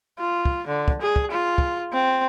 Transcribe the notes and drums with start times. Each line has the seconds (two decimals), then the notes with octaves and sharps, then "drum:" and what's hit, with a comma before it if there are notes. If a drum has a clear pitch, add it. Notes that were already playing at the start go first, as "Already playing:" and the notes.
0.20 F4
0.45 drum: kick
0.68 D3
0.88 drum: kick
1.02 G#4
1.16 drum: kick
1.31 F4
1.58 drum: kick
1.93 C4